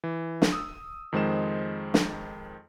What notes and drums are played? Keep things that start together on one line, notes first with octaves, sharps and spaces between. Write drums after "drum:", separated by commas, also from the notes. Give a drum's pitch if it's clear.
E3
drum: snare
D#6 E6
F2 D#3 G#3 C5 D#5 E7
drum: snare